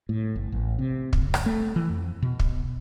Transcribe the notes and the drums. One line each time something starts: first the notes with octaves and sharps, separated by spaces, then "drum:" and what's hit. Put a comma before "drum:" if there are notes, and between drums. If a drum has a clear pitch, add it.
A2
G1
A1
C3
F#1, drum: kick
drum: rim click
A3
E3
F2
B2
drum: kick